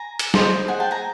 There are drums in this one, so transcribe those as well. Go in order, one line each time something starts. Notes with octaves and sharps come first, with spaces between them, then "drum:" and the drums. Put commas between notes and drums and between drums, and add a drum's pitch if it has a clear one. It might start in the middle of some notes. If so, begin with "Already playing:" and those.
Already playing: G#5 A#5
drum: hi-hat
G#4 C5 D#5, drum: snare
F#5 G#5
G5 A5
G#5 A#5